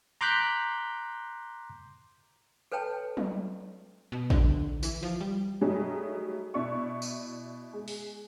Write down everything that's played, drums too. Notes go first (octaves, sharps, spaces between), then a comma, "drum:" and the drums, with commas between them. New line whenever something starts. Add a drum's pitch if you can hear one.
A#5 C6 D6 F#6 G6 B6
A4 B4 C#5 G5 A5
drum: tom F#3
B2
D3, drum: kick
E3, drum: tambourine
F3
G3
F#3 G3 A3 D#4 G#4
B2 E4 D5 C#6
drum: tambourine
G#3
drum: open hi-hat